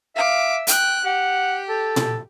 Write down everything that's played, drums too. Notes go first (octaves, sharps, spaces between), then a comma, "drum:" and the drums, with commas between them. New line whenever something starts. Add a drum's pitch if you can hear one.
E5 F5 D6
G5 F#6, drum: hi-hat
G4 F#5
A4
drum: tom A#2